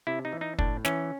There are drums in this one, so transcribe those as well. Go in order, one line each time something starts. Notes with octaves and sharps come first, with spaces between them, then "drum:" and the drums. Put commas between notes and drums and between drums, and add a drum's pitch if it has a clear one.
C3 E4
D#4
E3
D#4
A2 D4, drum: kick
E3 C#4, drum: snare